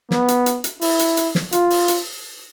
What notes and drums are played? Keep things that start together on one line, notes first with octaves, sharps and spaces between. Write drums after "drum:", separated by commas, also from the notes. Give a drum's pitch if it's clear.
B3, drum: snare
drum: hi-hat
drum: hi-hat
drum: hi-hat
E4, drum: open hi-hat
drum: hi-hat
drum: hi-hat
drum: snare
F4, drum: hi-hat
drum: open hi-hat
drum: hi-hat